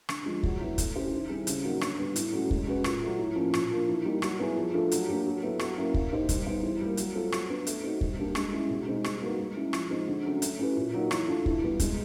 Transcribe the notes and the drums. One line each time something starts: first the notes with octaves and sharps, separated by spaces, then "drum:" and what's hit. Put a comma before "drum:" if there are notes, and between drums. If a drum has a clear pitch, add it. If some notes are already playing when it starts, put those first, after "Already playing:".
D3, drum: rim click
F3 G#3
F#3, drum: kick
B3 E4
A3, drum: kick, hi-hat
C#4 E4 G4 C5
D#3
G3 C4 E4 G#4
C#3, drum: hi-hat
F#3 A#3 D#4 F#4
D3, drum: rim click
G3 B3
A2, drum: hi-hat
F#3 A3 C#4 F#4
G#3, drum: kick
C#4 F#4 B4
A#2, drum: rim click
F#3 A3
A2
F3 A#3 C#4
A#2, drum: rim click
F3 A#3 D4
E3
G3 A#3 D#4 G4
F#3, drum: rim click
B3 E4 G#4
F3
A3 D4 F4 A4
F#3, drum: hi-hat
A#3 D4 G4
F#3
B3 E4 A4
F#3, drum: rim click
A#3 C#4 E4
A#3, drum: kick
D#4 G4 C5
G3, drum: kick, hi-hat
B3 D#4 G#4 C5
E3
G3 A#3
F#3, drum: hi-hat
A3 C4 F4 A4
F#3, drum: rim click
B3 D4
A3, drum: hi-hat
C4 D#4 F#4
G3, drum: kick
A#3 D4 G4
G#3, drum: rim click
C#4 E4 G#4
B2
G#3 C4 D#4 G#4
G3, drum: rim click
A#3 D#4 F#4 B4
G#3
C#4 E4 G#4
F3, drum: rim click
G#3 C4 D#4
D3
F#3 A3 C#4
A3, drum: hi-hat
C#4 E4 G4 B4
A#2
F#3 A#3 D#4
E3, drum: rim click
A3 D4 F4 A4
E3, drum: kick
G3 B3
G#3, drum: kick, hi-hat